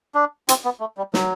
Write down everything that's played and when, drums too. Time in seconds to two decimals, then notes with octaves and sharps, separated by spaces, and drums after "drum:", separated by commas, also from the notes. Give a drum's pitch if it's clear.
0.15 D4
0.49 C4, drum: hi-hat
0.65 B3
0.80 A3
0.97 G3
1.14 F#3, drum: snare